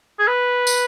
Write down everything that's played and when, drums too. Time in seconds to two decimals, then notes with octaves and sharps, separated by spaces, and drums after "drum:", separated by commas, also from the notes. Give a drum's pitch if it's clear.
0.19 G#4
0.27 B4
0.67 drum: tambourine